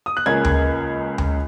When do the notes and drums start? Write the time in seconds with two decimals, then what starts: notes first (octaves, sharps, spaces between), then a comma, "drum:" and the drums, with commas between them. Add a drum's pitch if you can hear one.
0.06 D#6
0.17 F#6
0.26 C#2 C#3 A#3 C#4 G#6
0.45 drum: tom D2
1.18 drum: tom D2